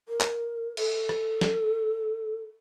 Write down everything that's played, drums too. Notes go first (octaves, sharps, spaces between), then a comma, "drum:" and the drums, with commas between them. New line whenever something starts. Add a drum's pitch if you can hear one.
A#4
drum: clap
A4, drum: cymbal
drum: rim click
drum: snare